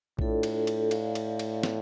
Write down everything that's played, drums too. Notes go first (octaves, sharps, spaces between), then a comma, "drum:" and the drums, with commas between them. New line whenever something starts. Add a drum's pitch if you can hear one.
A2 D4 F4 A4 D5, drum: kick A#1
drum: cymbal
drum: cymbal
D5 F5, drum: cymbal
drum: cymbal
drum: cymbal
drum: snare